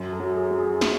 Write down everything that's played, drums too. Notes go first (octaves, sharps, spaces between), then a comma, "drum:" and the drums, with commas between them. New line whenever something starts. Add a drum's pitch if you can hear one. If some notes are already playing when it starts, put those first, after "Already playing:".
Already playing: F#2
A4
F#3
G#4
F#3
G#4
drum: snare